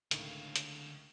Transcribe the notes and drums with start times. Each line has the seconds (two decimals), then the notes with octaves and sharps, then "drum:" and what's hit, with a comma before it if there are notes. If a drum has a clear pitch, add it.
0.11 C#2 A2 D3 D#3 F5, drum: hi-hat
0.56 drum: hi-hat